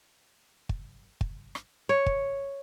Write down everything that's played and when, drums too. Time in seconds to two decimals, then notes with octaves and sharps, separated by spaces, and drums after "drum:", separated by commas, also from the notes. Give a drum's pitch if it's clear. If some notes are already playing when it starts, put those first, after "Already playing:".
0.69 drum: kick
1.21 drum: kick
1.55 drum: rim click
1.89 C#5
2.06 drum: kick